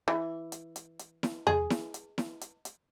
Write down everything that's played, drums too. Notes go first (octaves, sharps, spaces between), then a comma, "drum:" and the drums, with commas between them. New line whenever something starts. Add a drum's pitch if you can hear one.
E3
drum: hi-hat
drum: hi-hat
drum: hi-hat
drum: snare E4
G#4, drum: tom E2
drum: snare E4
drum: hi-hat
drum: snare E4
drum: hi-hat
drum: hi-hat